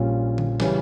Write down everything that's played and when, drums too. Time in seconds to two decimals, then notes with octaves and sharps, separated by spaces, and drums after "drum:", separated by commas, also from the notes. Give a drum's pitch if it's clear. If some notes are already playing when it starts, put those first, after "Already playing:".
Already playing: A#1 A#2 G3 C#4 F4
0.38 drum: tom D3
0.60 C#3 E3 G3 C#4, drum: snare